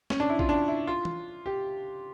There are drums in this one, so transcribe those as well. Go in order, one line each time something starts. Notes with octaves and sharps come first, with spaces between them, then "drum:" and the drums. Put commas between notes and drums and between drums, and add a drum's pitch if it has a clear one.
C#4, drum: snare
D4
E4
F4, drum: kick
D4
E4
F4
drum: tom
G4